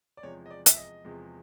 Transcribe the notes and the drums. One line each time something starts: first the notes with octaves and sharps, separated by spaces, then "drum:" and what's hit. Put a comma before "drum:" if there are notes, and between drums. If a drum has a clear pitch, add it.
D5
E2 C3 F3 G#3 C#5
D#5
D5
E5, drum: hi-hat
D#5
E2 C3 F3 G#3